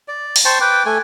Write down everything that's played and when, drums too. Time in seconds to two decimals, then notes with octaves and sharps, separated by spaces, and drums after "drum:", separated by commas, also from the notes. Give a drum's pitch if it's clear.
0.08 D5
0.36 drum: open hi-hat
0.45 C5 G5 A5 C#6
0.61 B4 G5 D6
0.86 A3 G#5